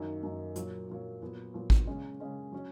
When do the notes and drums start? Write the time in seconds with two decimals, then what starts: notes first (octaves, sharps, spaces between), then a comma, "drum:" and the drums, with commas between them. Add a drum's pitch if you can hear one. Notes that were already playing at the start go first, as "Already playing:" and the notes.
Already playing: F#2 D#3 A#3 D#4
0.23 F#2 D#3 A#3 D#4
0.56 A#2 F#3 A#3, drum: hi-hat
0.89 A#2 F#3 A#3
1.22 A#2 F#3 B3
1.54 A#2 F#3 B3
1.70 drum: kick A1
1.87 C#3 G#3 C#4
2.20 C#3 G#3 C#4
2.52 F#3 C#4